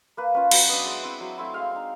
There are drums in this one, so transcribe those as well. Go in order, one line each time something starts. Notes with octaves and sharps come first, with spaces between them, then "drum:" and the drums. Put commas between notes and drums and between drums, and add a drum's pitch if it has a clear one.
A#3 B4
C#4 F4 B4
F#3 B4, drum: cymbal
B3 D4 D#5
G#3 E5
C4 E4
F#3
A3 C4 E4
G#3 F5
C4 D#4